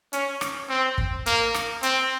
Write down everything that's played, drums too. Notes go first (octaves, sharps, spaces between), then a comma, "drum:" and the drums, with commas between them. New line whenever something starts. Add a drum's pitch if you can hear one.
C#4, drum: hi-hat
drum: rim click
C4
drum: kick
A#3, drum: hi-hat
drum: rim click
C4, drum: hi-hat